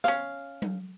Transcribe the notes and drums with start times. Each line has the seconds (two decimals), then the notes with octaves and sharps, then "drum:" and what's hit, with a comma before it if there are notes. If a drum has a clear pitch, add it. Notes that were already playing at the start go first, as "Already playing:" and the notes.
0.04 C#4 F5, drum: snare
0.62 drum: tom F#3